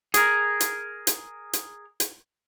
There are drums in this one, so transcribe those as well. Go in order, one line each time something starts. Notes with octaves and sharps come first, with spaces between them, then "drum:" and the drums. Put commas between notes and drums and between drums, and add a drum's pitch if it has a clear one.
G#4 A#4, drum: hi-hat
drum: hi-hat
drum: hi-hat
drum: hi-hat
drum: hi-hat